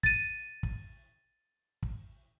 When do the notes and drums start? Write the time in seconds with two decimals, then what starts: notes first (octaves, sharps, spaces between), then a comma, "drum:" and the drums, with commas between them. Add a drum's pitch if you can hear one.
0.03 A6 D#7, drum: kick
0.63 drum: kick
1.83 drum: kick